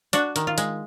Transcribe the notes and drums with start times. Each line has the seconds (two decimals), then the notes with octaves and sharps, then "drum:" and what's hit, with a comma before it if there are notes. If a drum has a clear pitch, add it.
0.13 D4 F#4, drum: hi-hat
0.36 D#3, drum: hi-hat
0.47 F4
0.58 G#3, drum: hi-hat